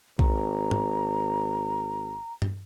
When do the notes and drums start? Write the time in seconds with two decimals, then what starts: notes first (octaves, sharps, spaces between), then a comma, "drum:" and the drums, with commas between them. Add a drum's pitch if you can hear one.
0.19 G#1 A#5, drum: kick B1
0.71 drum: tom
2.42 drum: tom